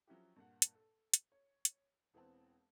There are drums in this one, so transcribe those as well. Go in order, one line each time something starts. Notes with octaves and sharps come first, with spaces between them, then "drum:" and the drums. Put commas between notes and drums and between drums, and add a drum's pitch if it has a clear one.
F3 F#3 C#4 E4 F#4 G4
G2 A#2 F#5
drum: hi-hat
A4
drum: hi-hat
C#5
drum: hi-hat
E1 E3 B3 C4 A5